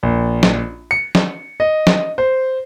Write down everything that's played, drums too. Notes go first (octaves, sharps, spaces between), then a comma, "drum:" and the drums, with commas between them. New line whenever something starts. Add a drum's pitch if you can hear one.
A#1
drum: snare
C#7
drum: snare
D#5
drum: snare
C5